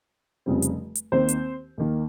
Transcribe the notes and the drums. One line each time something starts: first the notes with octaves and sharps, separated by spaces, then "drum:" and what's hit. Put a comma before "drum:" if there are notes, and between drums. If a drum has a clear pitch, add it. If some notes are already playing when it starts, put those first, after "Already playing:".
F1 F2 C#3 G3 C4
drum: hi-hat
drum: hi-hat
D#2 D#3 A#3 C4 C5
drum: hi-hat
D#2 D#3 A#3